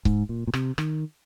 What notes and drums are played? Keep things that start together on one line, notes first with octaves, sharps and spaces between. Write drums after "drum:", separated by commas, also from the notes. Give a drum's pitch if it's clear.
G#2, drum: kick C#1
A#2
A#2
C3, drum: rim click
D#3, drum: rim click